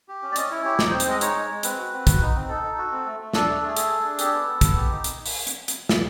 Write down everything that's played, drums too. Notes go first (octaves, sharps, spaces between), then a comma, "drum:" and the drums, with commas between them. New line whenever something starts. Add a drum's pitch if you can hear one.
G4
C#4
D5
C#4 D#5, drum: hi-hat
E4 C#5
G4 C#5
D#4 C#5, drum: snare
C5
C4
C5, drum: hi-hat
G#3 D#5
D#4 C#5, drum: hi-hat
G#3
G#3
C4 B4, drum: hi-hat
F#4
C4
F#4, drum: kick, hi-hat
D#4
C4
D#4 A4
D#4
F#4
C4
A3
A3
D4 A4, drum: snare
A3
A3 G#4
G#4 A4, drum: hi-hat
G#4
D4
G4 A4, drum: hi-hat
B3
B3
B3, drum: kick, hi-hat
G4
D#4
drum: hi-hat
drum: open hi-hat
drum: hi-hat
drum: hi-hat
drum: snare